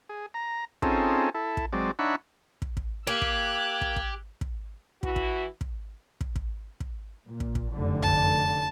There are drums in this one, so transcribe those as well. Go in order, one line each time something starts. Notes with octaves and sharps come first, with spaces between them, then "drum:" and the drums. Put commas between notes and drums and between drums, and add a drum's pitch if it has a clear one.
G#4
A#5
C4 C#4 D#4 F4 G#4 A4, drum: kick
E4 A4
drum: kick
F#3 G#3 C4 D5
D4 D#4 C#5 E5 F#5 B5
drum: kick
drum: kick
A#3 G4 E6 F#6 G#6
drum: kick
drum: kick
drum: kick
drum: kick
E3 E4 F#4, drum: kick
drum: kick
drum: kick
drum: kick
drum: kick
drum: kick
A#2
drum: kick
drum: kick
F1 F#2 D3
A5, drum: kick